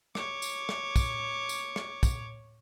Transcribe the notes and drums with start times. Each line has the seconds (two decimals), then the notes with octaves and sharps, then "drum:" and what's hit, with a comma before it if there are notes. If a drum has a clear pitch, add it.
0.15 C#5 D6, drum: rim click
0.42 drum: tambourine
0.69 drum: rim click
0.96 drum: kick, tambourine
1.49 drum: tambourine
1.76 drum: rim click
2.03 drum: kick, tambourine